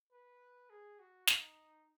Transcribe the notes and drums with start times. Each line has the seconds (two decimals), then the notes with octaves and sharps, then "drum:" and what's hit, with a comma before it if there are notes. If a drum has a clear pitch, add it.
0.12 B4
0.70 G#4
0.99 F#4
1.27 D#4, drum: snare